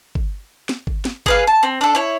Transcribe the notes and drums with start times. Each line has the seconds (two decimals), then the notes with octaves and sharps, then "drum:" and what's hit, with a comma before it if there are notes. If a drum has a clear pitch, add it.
0.15 drum: kick G1
0.69 drum: snare
0.87 drum: kick G1
1.05 drum: snare
1.26 G#4 B4 F5, drum: kick G1
1.47 A5
1.63 C4
1.81 D4 A4
1.95 E4 C#5